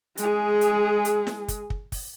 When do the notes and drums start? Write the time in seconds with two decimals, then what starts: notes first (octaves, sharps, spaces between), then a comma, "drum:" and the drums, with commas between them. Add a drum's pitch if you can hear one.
0.17 G#3 G#4, drum: hi-hat
0.61 drum: hi-hat
1.05 drum: hi-hat
1.27 drum: snare
1.48 drum: kick, hi-hat
1.70 drum: kick
1.92 drum: kick, open hi-hat